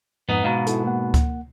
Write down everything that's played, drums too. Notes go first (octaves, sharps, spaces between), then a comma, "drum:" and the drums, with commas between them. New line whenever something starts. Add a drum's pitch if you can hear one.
F2 G#2 B3 D#4
G#2 B2 F5 A#5
E4 F#4 A4, drum: hi-hat
A#3 F#5
drum: kick C#2, hi-hat